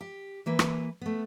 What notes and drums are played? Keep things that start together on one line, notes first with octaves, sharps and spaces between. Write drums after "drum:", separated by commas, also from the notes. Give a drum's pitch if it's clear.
G4
E3 A#3 B4
drum: rim click
A3 B3